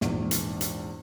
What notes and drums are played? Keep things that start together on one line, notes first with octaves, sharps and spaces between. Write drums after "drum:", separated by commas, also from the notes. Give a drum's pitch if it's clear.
A#1 E2 G#2, drum: snare
drum: hi-hat
drum: hi-hat